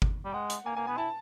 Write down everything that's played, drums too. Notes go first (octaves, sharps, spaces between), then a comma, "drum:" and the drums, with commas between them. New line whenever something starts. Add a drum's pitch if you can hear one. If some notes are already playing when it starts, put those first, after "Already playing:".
drum: kick G1
G3
G5
G#3 F#5
drum: hi-hat
A#3 G#5
A#3 G#5
B3 G#5
E4 A5